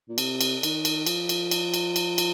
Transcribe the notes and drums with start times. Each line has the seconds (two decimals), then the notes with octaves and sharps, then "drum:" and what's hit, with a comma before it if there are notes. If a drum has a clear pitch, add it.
0.09 A#2
0.18 C3, drum: cymbal
0.41 drum: cymbal
0.63 D#3, drum: cymbal
0.85 drum: cymbal
1.06 F3, drum: cymbal
1.29 drum: cymbal
1.51 drum: cymbal
1.74 drum: cymbal
1.96 drum: cymbal
2.18 drum: cymbal